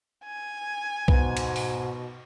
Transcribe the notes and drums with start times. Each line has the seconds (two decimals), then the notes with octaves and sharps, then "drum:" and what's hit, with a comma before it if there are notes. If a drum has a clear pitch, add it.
0.25 G#5
1.08 G#2 B2 B3 B4, drum: kick B1
1.37 drum: cymbal
1.56 drum: open hi-hat